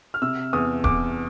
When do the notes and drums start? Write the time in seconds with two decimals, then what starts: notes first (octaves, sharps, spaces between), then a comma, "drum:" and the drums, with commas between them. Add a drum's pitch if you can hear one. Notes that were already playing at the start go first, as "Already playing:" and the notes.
0.14 F6
0.22 C3 E6
0.53 E2 D#6
0.84 E2 D6, drum: kick D1